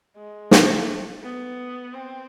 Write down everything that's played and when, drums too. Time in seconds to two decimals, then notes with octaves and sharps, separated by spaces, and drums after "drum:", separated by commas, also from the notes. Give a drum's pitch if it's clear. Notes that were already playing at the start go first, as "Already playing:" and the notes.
0.17 G#3
0.51 A3, drum: snare
1.23 B3
1.93 C4